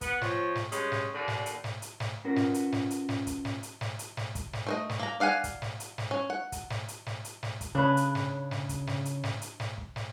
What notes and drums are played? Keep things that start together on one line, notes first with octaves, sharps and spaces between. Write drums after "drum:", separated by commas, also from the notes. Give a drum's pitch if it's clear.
B3, drum: kick, hi-hat
F2 F3 C#5, drum: snare
drum: snare
G2 G#3 C#4, drum: hi-hat
drum: snare
D#2 D3
drum: snare
drum: hi-hat
drum: snare
drum: hi-hat
drum: snare
C#4 F4 F#4 A#4 B4
drum: snare
drum: hi-hat
drum: snare
drum: hi-hat
drum: snare
drum: kick, hi-hat
drum: snare
drum: hi-hat
drum: snare
drum: hi-hat
drum: snare
drum: kick, hi-hat
drum: snare
A3 C5 D#5
drum: snare
A#3 A#5
D5 F5 F#5 G#5
drum: kick, hi-hat
drum: snare
drum: hi-hat
drum: snare
C#4
F#5
drum: kick, hi-hat
drum: snare
drum: hi-hat
drum: snare
drum: hi-hat
drum: snare
drum: kick, hi-hat
C#3 D4 B4
drum: hi-hat
drum: snare
drum: snare
drum: kick, hi-hat
drum: snare
drum: hi-hat
drum: snare
drum: hi-hat
drum: snare
drum: kick
drum: snare